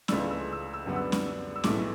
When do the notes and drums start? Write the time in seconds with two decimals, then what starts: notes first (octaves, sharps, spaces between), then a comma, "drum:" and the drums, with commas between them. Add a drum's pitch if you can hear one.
0.08 C#2 C#3 E3 A3 D4 E6, drum: snare C#4
0.30 E6
0.53 E6
0.74 E6
0.86 F#2 D3 G3 B3
0.96 E6
1.12 drum: snare C#4
1.56 E6
1.64 B1 A2 E3 A3 D6, drum: snare C#4